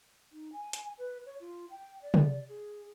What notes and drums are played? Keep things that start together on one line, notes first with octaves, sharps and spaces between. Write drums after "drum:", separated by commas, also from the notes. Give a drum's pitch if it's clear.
D#4
G#5
drum: hi-hat
B4
C#5
F4
G5
D5
drum: tom
G#4